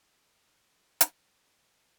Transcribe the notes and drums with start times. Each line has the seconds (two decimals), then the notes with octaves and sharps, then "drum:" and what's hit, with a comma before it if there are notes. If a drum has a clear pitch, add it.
0.14 G#5 A#5
1.01 drum: hi-hat